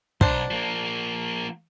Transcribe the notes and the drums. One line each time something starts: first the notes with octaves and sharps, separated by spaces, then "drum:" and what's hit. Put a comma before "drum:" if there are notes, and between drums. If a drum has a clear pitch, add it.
B1 D4 C5, drum: kick
F3 A#3